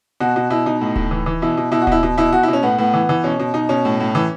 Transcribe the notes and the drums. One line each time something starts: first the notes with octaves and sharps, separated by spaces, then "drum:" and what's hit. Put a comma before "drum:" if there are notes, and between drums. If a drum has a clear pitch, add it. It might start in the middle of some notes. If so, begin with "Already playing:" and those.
B2 F#4
B2
B2 E4
B2 D#4
A2
A2, drum: kick D1
E3
E3
B2 E4
B2
B2 E4
F#4
B2 E4, drum: kick D1
B2
B2 E4
B2 F#4
E4
B2 C#4
A2 B3
A2 B3
E3
E3
B2 C#4
B2
B2 D#4
B2 C#4
A2
A2
E3